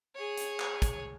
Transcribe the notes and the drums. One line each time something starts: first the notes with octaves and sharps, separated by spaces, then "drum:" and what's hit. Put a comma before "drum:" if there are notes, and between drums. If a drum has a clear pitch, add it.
G#4 C#5
drum: hi-hat
drum: clap
drum: kick, hi-hat